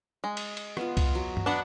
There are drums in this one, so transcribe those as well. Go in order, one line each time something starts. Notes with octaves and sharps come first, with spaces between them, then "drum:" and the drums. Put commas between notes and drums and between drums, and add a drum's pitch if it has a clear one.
G#3
drum: cymbal
drum: cymbal
B3 F4, drum: rim click
drum: kick C2, cymbal
F#3
drum: tom G2
B3 D4 D#5 F#5 B5